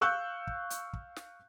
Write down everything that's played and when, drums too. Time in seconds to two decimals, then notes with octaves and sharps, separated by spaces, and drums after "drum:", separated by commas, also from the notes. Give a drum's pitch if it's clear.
0.01 F5 C#6 E6 F#6 G6
0.47 drum: kick
0.70 drum: hi-hat
0.93 drum: kick
1.16 drum: snare